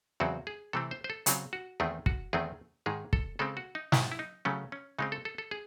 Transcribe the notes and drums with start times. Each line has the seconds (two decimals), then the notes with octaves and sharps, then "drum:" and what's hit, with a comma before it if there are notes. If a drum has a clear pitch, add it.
0.20 E2 C#3 F#3 C4 F#4
0.47 G#4
0.73 C3 E3 A3 C4 A4
0.91 C5
1.04 C5
1.10 A4
1.26 C#3 F#3 C4 G#4, drum: hi-hat
1.53 F#4
1.80 E2 D#3 A3 C4 G#4
2.06 F#4, drum: kick
2.33 E2 D#3 A3 C4 G#4
2.86 G#2 D#3 G#3 G#4
3.13 A4, drum: kick
3.39 C#3 G#3 C4 A4
3.57 F#4
3.75 D#4
3.92 G#2 D#3 F#3 E4, drum: snare
4.12 E4
4.19 D#4
4.45 C#3 F#3 A3 C#4
4.72 C#4
4.99 C#3 G#3 C4 D#4
5.12 A4
5.25 A4
5.38 A4
5.51 G#4